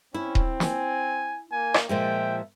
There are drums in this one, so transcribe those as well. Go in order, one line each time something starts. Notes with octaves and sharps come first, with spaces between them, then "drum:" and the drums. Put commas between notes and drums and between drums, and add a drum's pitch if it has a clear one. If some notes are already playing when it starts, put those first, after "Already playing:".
C4 C#4 E4
drum: kick D#1
G#5, drum: snare
A#3 G#5
drum: rim click
A#2 F3 G#3 E5 G5